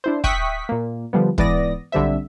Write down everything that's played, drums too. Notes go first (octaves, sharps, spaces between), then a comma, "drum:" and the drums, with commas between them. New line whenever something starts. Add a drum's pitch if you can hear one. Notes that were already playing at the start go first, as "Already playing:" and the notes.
D4 E4 C5
E5 G5 C#6 D#6 F#6 B6, drum: kick
A#2 A#3
D3 F3 G3 B3
G#2 E3 B3 D5 D#6 A#6, drum: kick
B1 D3 G3 C4 E5